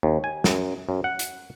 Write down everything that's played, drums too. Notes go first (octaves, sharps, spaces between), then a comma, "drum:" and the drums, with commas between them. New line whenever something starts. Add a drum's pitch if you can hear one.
D#2
G#5
F#2, drum: snare
F#2
F#5
drum: hi-hat